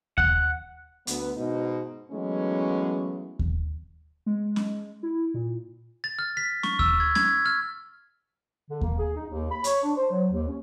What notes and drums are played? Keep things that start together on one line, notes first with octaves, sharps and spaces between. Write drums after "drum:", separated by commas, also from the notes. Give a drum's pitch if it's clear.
F#5, drum: kick D#2
D2 B3, drum: hi-hat
G#2 B2 D#4
E3 F#3 G#3 A3 B3 C#4
drum: kick D#2
G#3
drum: snare C#4
E4
A#2
A6
F6
B6
C#6, drum: snare C#4
E6, drum: kick D#2
G#6
G#6, drum: snare C#4
F6
D3
A#3, drum: kick D#2
G#4
D#4
D#2
B5
C#5, drum: hi-hat
D4
C5
F#3
D#2
C#4